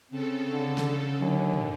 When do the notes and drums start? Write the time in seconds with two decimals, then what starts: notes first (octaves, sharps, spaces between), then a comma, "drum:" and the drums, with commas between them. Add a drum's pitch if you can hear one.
0.11 C#3 C4 A4
0.53 D3
0.78 drum: snare
1.20 D#2 D3 F#3
1.53 drum: tom